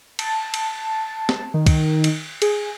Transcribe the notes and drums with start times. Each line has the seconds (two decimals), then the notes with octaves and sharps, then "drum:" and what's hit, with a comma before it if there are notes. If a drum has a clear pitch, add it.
0.19 A5, drum: cymbal
0.54 drum: cymbal
1.29 drum: snare
1.54 D#3
1.66 drum: kick, cymbal
2.04 drum: cymbal
2.42 G#4, drum: cymbal